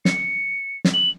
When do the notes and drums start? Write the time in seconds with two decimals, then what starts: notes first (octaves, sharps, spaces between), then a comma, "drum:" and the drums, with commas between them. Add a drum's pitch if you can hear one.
0.05 C#7, drum: snare
0.85 drum: snare
0.94 F#7